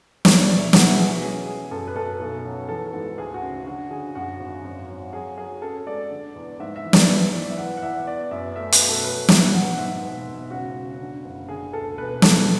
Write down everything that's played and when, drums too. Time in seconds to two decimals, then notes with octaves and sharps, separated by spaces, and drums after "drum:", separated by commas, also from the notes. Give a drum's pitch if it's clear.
0.25 D2 C#5, drum: snare
0.41 D5
0.49 E1
0.57 E5
0.73 E3 F#5, drum: snare
0.85 E5
0.97 E3 G#4
1.10 F#4
1.23 C#4 G#4
1.46 C#4 G#4
1.71 F#2 A4
1.88 B4
1.95 F#2 A4
2.20 B1
2.45 F#3
2.69 E3 A4
2.94 G#2
3.18 D2 G#4
3.34 F#4
3.42 C#3
3.66 D3 F#4
3.91 D3 G#4
4.15 F#2 F#4
4.40 G#1
4.64 F#2
4.89 F#3
5.13 F#3 G#4
5.38 F#3 G#4
5.62 C#4 A4
5.86 G#3 D5
6.11 D3
6.35 E2
6.60 G#2 E5
6.76 E5
6.85 E3
6.93 D5, drum: snare
7.09 E3 E5
7.33 E3 D5
7.50 E5
7.57 E2 F#5
7.77 F#5
7.82 E2 E5
8.07 B3 D5
8.31 F#2 E5
8.56 A3 E5
8.72 B4, drum: hi-hat
8.80 B2
8.88 A4
9.04 F#3 B4
9.28 B2 E5, drum: snare
9.53 G#1 F#5
9.78 G#2 E5
10.02 E1
10.27 E1
10.51 C#3 F#4
10.76 C#3
11.00 D3
11.25 F#1
11.49 D3 G#4
11.73 D2 A4
11.98 E1 B4
12.22 E2 A4, drum: snare